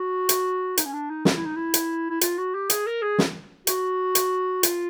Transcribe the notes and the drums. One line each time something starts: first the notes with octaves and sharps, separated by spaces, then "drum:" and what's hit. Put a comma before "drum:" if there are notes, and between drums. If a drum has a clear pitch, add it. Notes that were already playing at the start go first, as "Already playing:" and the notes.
Already playing: F#4
drum: hi-hat
D#4, drum: hi-hat
C#4
D4
D#4
F4, drum: snare
E4
D#4
E4
drum: hi-hat
E4
F4, drum: hi-hat
F#4
G4
G#4, drum: hi-hat
A#4
G#4
drum: snare
F#4, drum: hi-hat
drum: hi-hat
F4, drum: hi-hat